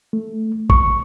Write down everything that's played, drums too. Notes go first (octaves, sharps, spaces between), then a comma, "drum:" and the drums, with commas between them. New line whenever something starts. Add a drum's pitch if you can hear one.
A3
C#6, drum: kick